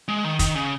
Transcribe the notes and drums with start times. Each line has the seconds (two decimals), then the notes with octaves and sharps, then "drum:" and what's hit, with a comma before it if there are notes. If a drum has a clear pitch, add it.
0.08 G#3
0.24 D#3
0.39 D#3, drum: kick, hi-hat
0.55 C#3